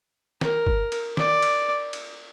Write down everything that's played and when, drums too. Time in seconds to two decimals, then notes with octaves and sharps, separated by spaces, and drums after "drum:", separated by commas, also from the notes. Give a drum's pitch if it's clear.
0.41 A#4, drum: snare
0.67 drum: kick G1
0.92 drum: cymbal
1.17 D5, drum: snare
1.42 drum: cymbal
1.93 drum: cymbal